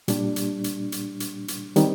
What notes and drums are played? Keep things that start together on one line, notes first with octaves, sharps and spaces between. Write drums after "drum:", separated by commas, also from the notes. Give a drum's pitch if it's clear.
A#2 G3 D4, drum: hi-hat
drum: hi-hat
drum: hi-hat
drum: hi-hat
drum: hi-hat
drum: hi-hat
D#3 G3 C4 D#4, drum: hi-hat